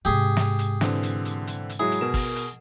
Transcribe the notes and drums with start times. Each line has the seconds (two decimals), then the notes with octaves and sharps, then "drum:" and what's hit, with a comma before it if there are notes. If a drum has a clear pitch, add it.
0.05 G#2 C3 G4 G#4
0.37 drum: snare
0.59 drum: hi-hat
0.81 D3 E3 C4, drum: snare
1.03 drum: hi-hat
1.25 drum: hi-hat
1.47 drum: hi-hat
1.70 drum: hi-hat
1.80 F#3 G#3 E4 G#4
1.92 drum: hi-hat
2.01 B2 A#4 E7
2.14 drum: kick, open hi-hat
2.36 drum: hi-hat